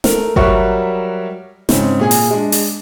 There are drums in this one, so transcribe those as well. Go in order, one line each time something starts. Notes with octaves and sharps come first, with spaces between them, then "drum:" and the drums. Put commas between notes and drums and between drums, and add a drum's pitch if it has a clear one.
A3 A#4, drum: snare
F#3 G3 A#4 E5 F#5 C#6, drum: kick G#1
G#2 C#3 C4, drum: snare
A#2 G#4 G#5
drum: open hi-hat
G#3 D4
drum: open hi-hat